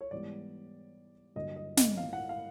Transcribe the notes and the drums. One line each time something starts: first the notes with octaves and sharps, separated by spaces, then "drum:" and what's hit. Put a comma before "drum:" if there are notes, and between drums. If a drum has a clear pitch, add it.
C#5
G#2 E3 G3 B3 D5
G2 D3 F#3 A#3 D#5
D#5
D#5, drum: snare
F5
F#5
F5